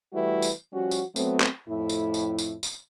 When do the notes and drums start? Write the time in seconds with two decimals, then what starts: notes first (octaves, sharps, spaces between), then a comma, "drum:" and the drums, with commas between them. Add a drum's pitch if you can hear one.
0.13 E3 G3 A3 E4 F#4 B4
0.42 drum: tambourine
0.73 F3 G3 C#4 F#4
0.91 drum: tambourine
1.16 F#3 A3 B3 C4, drum: tambourine
1.40 drum: clap
1.68 F2 A2 E4
1.89 drum: tambourine
2.14 drum: tambourine
2.38 drum: tambourine
2.63 drum: tambourine